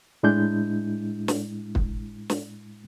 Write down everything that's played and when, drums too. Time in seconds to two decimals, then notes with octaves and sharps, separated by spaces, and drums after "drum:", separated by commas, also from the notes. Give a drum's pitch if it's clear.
0.23 A2 G#3 D4 E4 G6
1.28 drum: snare
1.75 drum: kick
2.30 drum: snare